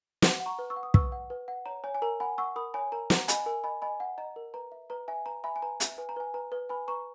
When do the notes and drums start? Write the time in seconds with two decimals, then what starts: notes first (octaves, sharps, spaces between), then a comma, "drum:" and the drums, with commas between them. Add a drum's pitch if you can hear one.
0.22 F#5, drum: snare
0.40 F#5
0.46 A#5 C#6
0.59 B4
0.70 C#6 E6
0.76 F#5
0.83 D#6
0.94 B4 C#6 E6, drum: kick
1.12 F#5
1.30 B4
1.48 F#5
1.66 C#5 A#5
1.84 C#5 G#5
1.95 G#5
2.02 A#4 A#5
2.20 F#5 G#5 B5
2.38 F#5 C#6 E6
2.56 A#4 B5 D#6
2.74 C#5 G#5 B5
2.92 A#4 A#5
3.10 F#5 A#5, drum: snare
3.28 D#5 G#5 B5, drum: hi-hat
3.46 A#4 G#5
3.64 D#5 G#5 B5
3.82 D#5 G#5 B5
4.00 F#5
4.18 D#5 A#5
4.36 A#4
4.54 B4 A#5
4.72 E5
4.90 B4 A#5
5.08 E5 G#5
5.26 B4 A#5
5.44 E5 G#5 B5
5.56 G#5
5.62 B4 A#5
5.80 E5, drum: hi-hat
5.98 B4 G#5
6.09 A#5
6.16 B4 G#5
6.34 B4 A#5
6.52 B4
6.69 B4 G#5 B5
6.88 B4 A#5 C#6